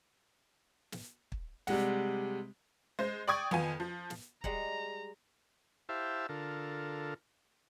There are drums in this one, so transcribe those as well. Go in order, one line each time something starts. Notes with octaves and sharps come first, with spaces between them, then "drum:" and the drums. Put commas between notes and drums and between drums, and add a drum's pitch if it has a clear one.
drum: snare
drum: kick
C3 G3 G#3 F#5, drum: snare
G#3 C5
D5 G5 C#6 D#6 G#6
F2 B3 F4 G#5, drum: tom D#3
F3
drum: snare
G3 G#3 F#5 A#5, drum: kick
E4 G4 C5 E5 F5 A5
D3 F4 A4 A#4